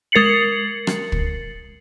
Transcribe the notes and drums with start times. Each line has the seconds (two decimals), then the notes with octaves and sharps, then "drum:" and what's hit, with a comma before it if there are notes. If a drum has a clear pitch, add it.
0.12 G#3 A#4 A6 C7 C#7 F#7
0.87 drum: rim click
1.12 drum: kick